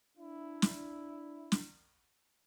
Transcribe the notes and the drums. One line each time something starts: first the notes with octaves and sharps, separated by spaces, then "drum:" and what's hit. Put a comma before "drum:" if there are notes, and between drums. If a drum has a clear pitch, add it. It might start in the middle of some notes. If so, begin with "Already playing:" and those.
D4 E4
drum: snare
drum: snare